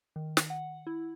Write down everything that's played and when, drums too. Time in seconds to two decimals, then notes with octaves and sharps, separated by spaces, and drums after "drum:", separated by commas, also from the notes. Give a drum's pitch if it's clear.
0.16 D#3
0.37 drum: snare
0.50 F#5
0.87 E4